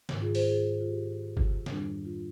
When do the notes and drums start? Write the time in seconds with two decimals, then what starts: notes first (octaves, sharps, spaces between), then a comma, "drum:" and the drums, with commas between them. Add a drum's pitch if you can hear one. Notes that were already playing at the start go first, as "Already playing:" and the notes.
0.09 G#2 D#3 A#3, drum: snare
0.22 F4 G#4
0.35 G#4 C5, drum: open hi-hat
0.48 F4 G#4
0.81 F4
0.88 G4
1.37 drum: kick G1
1.66 F2 D#3 G3 D4, drum: snare
2.05 F4